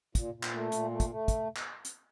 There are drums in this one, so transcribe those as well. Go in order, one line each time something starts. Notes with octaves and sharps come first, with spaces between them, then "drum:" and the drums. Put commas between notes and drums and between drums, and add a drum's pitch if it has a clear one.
A#2, drum: kick, hi-hat
A#2
drum: clap
A3
A#2, drum: hi-hat
A3
drum: kick, hi-hat
A3
drum: kick, hi-hat
drum: clap
drum: hi-hat